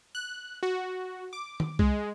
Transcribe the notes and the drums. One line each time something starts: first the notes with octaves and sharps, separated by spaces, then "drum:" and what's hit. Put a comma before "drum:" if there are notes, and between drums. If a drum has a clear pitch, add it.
F#6
F#4
D6
drum: tom
G#3, drum: kick